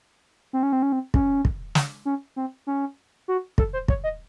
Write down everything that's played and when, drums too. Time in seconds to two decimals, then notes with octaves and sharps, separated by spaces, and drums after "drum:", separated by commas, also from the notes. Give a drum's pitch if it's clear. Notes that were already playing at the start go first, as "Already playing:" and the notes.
0.53 C4
0.63 C#4
0.73 C4
0.83 C#4
0.92 C4
1.14 C#4, drum: kick
1.45 drum: kick
1.75 drum: snare
2.05 C#4
2.36 C4
2.67 C#4
3.28 F#4
3.58 A4, drum: kick
3.73 C5
3.88 C#5, drum: kick
4.04 D#5